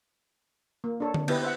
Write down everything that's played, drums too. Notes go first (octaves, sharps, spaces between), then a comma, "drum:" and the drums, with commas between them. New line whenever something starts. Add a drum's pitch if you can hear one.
A#3
D4 A4 C#5
drum: tom D3
B3 E4 G4 B4 D#5, drum: cymbal
C5 E5 F#5